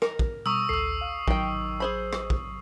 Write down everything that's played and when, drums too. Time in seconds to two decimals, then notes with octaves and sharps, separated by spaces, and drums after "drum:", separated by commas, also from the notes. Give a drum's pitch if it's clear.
0.02 A#4, drum: rim click
0.19 drum: kick
0.46 B2 G3 A#5 C#6 D#6 E6
0.69 A1 D2 A4 E6 C7
1.01 F5
1.28 A1 D#3 F#3 G5, drum: kick
1.80 G#4 C5 B5
2.13 drum: rim click
2.30 drum: kick